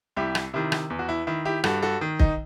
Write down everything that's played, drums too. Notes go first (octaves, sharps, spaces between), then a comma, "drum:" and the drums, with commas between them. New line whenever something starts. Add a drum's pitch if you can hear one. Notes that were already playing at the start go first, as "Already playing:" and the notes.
C2 E4 G4
drum: rim click
C3 D#3 E4
drum: rim click
E2
F#4
E4
D#3 E4
E4 G4
G2 F#4 A4, drum: rim click
F#4 A4
D#3
D#4, drum: kick